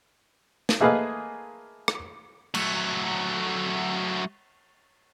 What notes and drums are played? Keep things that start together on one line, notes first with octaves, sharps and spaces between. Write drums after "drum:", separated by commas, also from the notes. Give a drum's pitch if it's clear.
drum: snare
A3 A#3 G#4 B4 D#5 F5
drum: rim click
F#3 A3, drum: cymbal